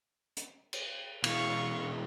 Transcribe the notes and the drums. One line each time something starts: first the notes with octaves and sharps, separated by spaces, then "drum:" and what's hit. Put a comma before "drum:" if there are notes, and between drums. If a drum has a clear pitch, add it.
drum: hi-hat
drum: cymbal
B2 E3 G#3 F5 C#6, drum: cymbal